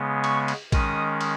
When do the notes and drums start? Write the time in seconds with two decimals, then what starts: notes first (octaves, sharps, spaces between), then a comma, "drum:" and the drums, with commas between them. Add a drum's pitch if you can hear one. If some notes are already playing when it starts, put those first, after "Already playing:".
Already playing: C#3 G#3 B3
0.24 C#6, drum: cymbal
0.48 drum: cymbal
0.72 D#3 G#3 C#4 D#6, drum: kick A#1, cymbal
1.21 drum: cymbal